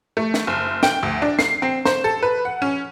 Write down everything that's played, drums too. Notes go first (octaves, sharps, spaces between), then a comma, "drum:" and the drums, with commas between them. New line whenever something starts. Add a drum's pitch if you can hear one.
A3
drum: snare
F#1
G5, drum: snare
D2
D4
C7, drum: snare
C4
C5, drum: snare
A4
B4
F#5
C#4